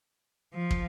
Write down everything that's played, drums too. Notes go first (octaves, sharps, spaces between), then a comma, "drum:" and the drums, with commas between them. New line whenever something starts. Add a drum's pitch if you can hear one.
F3
drum: kick